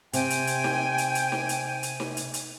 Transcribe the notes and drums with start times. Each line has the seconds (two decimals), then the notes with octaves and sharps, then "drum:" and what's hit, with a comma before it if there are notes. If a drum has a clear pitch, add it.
0.13 C3 G5 G#5, drum: hi-hat
0.30 drum: hi-hat
0.47 drum: hi-hat
0.64 drum: snare D#4
0.98 drum: hi-hat
1.15 drum: hi-hat
1.32 drum: snare D#4
1.49 drum: hi-hat
1.83 drum: hi-hat
2.00 drum: snare D#4
2.17 drum: hi-hat
2.34 drum: hi-hat